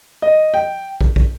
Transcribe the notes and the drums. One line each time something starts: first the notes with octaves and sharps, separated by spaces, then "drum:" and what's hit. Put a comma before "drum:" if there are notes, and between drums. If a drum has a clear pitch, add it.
D#5
G5
drum: kick
drum: kick